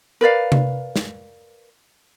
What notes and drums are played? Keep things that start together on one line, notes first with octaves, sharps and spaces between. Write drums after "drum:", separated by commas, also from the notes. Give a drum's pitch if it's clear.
A#4 B4 D5 F5
drum: tom C3
drum: snare